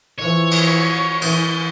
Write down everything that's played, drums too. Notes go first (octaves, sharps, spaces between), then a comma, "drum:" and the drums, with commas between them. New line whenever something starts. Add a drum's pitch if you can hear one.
E3 F3 C#5
drum: cymbal
E3, drum: cymbal